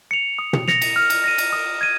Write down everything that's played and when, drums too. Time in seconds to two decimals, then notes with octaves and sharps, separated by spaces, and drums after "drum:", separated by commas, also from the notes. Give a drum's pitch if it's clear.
0.11 C#7 F7
0.39 D#6
0.53 drum: tom
0.68 A#6 C#7 F7, drum: snare
0.82 drum: cymbal
0.96 F6
1.10 drum: cymbal
1.24 A#6 D#7
1.38 drum: cymbal
1.53 D#6
1.81 G#6 D#7